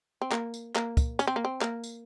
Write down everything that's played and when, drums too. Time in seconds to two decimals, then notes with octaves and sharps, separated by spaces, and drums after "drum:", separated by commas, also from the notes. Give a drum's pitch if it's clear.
0.21 C4
0.32 A#3, drum: clap
0.54 drum: tambourine
0.76 A#3, drum: clap
0.97 drum: kick, tambourine
1.19 C#4, drum: tambourine
1.27 C4
1.36 A#3
1.45 C4
1.61 A#3, drum: clap
1.84 drum: tambourine